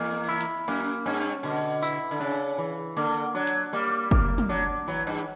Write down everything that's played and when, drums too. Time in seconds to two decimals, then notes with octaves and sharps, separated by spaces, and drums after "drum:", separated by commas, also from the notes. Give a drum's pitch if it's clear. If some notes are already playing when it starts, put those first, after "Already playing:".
Already playing: E2 A#3
0.29 E4
0.41 drum: hi-hat
0.68 F#2 A#3
1.06 G2 C#4
1.43 B2 D3
1.83 E4, drum: tambourine
2.11 D3
2.20 C#3 D4
2.58 E3
2.97 D3 A#3
3.35 F#3 D4
3.47 drum: hi-hat
3.73 G3 A#3
4.11 A#3, drum: kick
4.38 drum: tom
4.49 F#3 D4
4.88 E3 F#3
5.07 G2